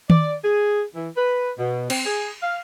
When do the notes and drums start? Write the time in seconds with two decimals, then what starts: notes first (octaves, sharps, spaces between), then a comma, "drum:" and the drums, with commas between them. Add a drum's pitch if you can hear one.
0.10 D5, drum: tom D#3
0.44 G#4
0.95 E3
1.16 B4
1.58 B2
1.90 C4, drum: cymbal
2.06 G#4
2.43 F5